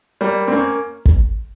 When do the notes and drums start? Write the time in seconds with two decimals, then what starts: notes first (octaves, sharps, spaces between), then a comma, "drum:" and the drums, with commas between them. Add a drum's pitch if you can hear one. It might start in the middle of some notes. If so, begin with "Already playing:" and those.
0.21 G3 A#3
0.48 C4
0.52 A#3 C#4
1.05 drum: kick